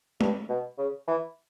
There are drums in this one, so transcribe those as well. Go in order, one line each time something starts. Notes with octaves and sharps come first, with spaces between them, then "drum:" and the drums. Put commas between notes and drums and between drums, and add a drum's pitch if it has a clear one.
G2, drum: tom
B2
C#3
E3